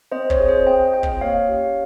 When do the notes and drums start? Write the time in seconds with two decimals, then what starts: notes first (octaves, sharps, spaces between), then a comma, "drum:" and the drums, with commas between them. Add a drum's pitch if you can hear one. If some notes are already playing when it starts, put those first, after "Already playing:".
0.12 C4 C5 D#5
0.30 C#5, drum: kick
0.39 F4 G#4
0.48 C5 D#5
0.67 C4 D#5 G5
0.93 F4 G#4 D#5 G5
1.03 drum: kick
1.21 A#3 C#5 F5
1.48 C#4 G4